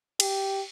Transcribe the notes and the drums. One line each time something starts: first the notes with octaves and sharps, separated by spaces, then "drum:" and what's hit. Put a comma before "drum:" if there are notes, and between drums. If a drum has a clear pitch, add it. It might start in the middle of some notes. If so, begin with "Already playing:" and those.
G4, drum: cymbal